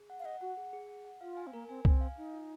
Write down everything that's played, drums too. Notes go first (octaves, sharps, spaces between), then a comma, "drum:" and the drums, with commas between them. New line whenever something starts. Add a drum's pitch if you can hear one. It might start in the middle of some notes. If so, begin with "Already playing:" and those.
Already playing: G#4
F#5
F5
D#5 F#5
F#4 F#5
G#4
G#4
F#5
F#5
F4 F5
G#5
C4
A#3 A#4
C4 G#5
C4 G#5, drum: kick C2
F5
D#4 G#5
F4